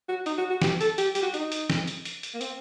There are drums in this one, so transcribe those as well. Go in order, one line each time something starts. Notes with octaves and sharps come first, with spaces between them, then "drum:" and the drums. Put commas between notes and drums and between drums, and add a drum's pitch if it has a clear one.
F#4
D#4, drum: hi-hat
F#4
F#4
G4, drum: snare
A4, drum: hi-hat
G4, drum: hi-hat
G4, drum: hi-hat
F#4
D#4, drum: hi-hat
drum: hi-hat
drum: snare
drum: hi-hat
drum: hi-hat
drum: hi-hat
A#3
C4, drum: hi-hat